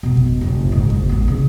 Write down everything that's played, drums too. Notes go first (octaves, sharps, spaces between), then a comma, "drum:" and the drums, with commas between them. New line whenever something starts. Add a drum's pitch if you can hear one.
B2 B3
drum: kick F2
F#1 C2
G#2
A#2, drum: kick F2
A1 B3
C#3